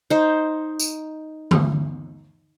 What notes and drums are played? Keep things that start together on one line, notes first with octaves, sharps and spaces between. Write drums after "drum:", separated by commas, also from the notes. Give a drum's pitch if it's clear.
D#4 C5
drum: tambourine
drum: tom D3